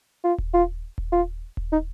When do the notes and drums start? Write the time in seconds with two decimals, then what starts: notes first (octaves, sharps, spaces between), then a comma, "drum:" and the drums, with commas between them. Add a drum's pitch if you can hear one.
0.24 F4
0.38 drum: kick D#1
0.54 F4
0.98 drum: kick D#1
1.12 F4
1.57 drum: kick D#1
1.72 D#4